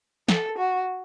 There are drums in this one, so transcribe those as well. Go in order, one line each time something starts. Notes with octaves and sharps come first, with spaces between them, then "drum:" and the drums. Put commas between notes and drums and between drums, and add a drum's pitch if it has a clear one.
A4, drum: snare
F#4